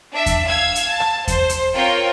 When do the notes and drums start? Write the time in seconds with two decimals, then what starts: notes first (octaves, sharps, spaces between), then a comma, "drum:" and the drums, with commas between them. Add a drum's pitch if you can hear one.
0.12 D4 E5
0.26 drum: kick E2, hi-hat
0.47 F5 E6 G#6
0.76 drum: hi-hat
0.88 A5
1.00 drum: rim click
1.28 C5, drum: kick E2, hi-hat
1.49 drum: hi-hat
1.74 C4 F4 A#4 C#5 G5